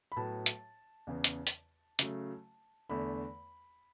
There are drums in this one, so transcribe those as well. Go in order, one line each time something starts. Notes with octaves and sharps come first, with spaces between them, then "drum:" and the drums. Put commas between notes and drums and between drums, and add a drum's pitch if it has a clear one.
B5
A2 F#3 B3 A5
drum: hi-hat
E2 C#3 E3
drum: hi-hat
drum: hi-hat
C#3 F#3 A3, drum: hi-hat
E2 D3 A3 B5